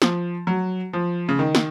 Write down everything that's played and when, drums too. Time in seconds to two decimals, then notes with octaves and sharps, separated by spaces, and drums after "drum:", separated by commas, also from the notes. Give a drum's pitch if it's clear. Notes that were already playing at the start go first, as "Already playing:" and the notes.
0.02 F3, drum: snare
0.47 F#3
0.93 F3
1.29 C#3
1.39 D#3
1.55 drum: snare